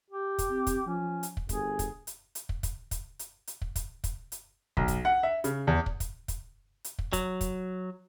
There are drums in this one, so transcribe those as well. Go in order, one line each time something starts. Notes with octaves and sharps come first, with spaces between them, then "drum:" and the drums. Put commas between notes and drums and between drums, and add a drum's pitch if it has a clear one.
G4
drum: kick, hi-hat
C4
drum: kick, hi-hat
F3 C#4
drum: hi-hat
drum: kick
G1 G#4, drum: kick, hi-hat
drum: kick, hi-hat
drum: hi-hat
drum: hi-hat
drum: kick
drum: kick, hi-hat
drum: kick, hi-hat
drum: hi-hat
drum: hi-hat
drum: kick
drum: kick, hi-hat
drum: kick, hi-hat
drum: hi-hat
B1, drum: kick
drum: kick, hi-hat
F#5
E5
C#3, drum: hi-hat
E2
drum: kick
drum: kick, hi-hat
drum: kick, hi-hat
drum: hi-hat
drum: kick
F#3, drum: kick, hi-hat
drum: kick, hi-hat